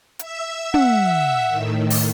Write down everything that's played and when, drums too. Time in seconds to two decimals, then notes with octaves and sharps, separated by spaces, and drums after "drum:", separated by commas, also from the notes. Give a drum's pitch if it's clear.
0.19 E5 E6, drum: hi-hat
0.74 F#5, drum: tom
1.48 A2 D#3
1.90 drum: open hi-hat